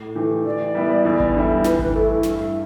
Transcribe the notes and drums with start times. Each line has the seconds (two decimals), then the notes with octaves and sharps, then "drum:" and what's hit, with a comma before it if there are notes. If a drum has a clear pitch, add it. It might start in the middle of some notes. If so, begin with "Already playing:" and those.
Already playing: A2
0.16 E3 A3 G4
0.45 E3 D5
0.75 G3 B3 E4
1.05 E2
1.20 drum: kick G#1
1.34 D3 G3 E4
1.64 E3 B4, drum: snare
1.79 B4, drum: kick G#1
1.94 A3 E4 A4
2.09 E4
2.23 G2, drum: snare